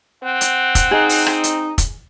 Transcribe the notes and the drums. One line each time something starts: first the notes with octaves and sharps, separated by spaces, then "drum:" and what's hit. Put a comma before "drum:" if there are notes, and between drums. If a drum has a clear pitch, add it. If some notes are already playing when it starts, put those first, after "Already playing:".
C4 F#5
drum: hi-hat
drum: kick, hi-hat
D#4 G#4
drum: open hi-hat
drum: rim click
drum: hi-hat
drum: kick, hi-hat